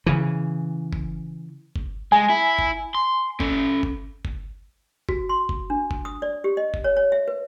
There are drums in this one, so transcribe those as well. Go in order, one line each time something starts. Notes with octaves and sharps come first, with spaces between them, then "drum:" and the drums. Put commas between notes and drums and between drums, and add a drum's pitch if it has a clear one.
C#3 E3
drum: kick G1
drum: kick G1
G#3 G#5
E4
drum: kick G1
C6
C#4 A4, drum: kick G1
drum: kick G1
drum: kick G1
F#4, drum: kick G1
C6
drum: kick G1
D4
drum: kick G1
D#6
D5
G4
D#5
drum: kick G1
C#5
C#5
E5
B4